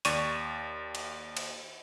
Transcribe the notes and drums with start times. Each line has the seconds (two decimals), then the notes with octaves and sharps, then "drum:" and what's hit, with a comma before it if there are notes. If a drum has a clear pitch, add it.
0.05 D#2 D5 C#6 D#7 E7, drum: hi-hat
0.95 drum: cymbal
1.37 drum: cymbal